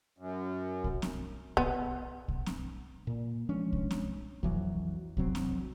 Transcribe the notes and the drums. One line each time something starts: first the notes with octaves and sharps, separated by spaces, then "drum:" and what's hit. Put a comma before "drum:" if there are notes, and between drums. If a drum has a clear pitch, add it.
F#2
drum: kick
drum: snare C4
B3, drum: kick
drum: kick
drum: snare C4
A#2
F3 G#3 C#4 D4
drum: kick
drum: snare C4
F2 E3 F#3, drum: kick
F1 F#3 C4, drum: kick
drum: snare C4